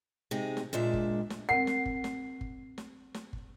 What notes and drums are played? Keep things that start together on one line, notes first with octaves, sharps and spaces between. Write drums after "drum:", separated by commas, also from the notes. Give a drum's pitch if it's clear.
C3 G#3 D#4 G#4
drum: snare
A#2 G#3 D4 E5
drum: kick G1
drum: snare
C4 A#4 F#5 C7
drum: snare
drum: kick G1
drum: snare
drum: kick G1
drum: snare
drum: snare
drum: kick G1